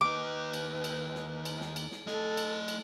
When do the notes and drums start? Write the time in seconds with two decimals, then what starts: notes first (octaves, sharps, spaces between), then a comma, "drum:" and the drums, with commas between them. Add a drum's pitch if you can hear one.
0.01 D#2 D#4 B4 D6
0.53 drum: cymbal
0.84 drum: cymbal
1.15 drum: snare
1.45 drum: cymbal
1.61 drum: snare
1.76 drum: cymbal
1.91 drum: snare
2.07 A3 A4 D#5, drum: snare
2.37 drum: cymbal
2.68 drum: cymbal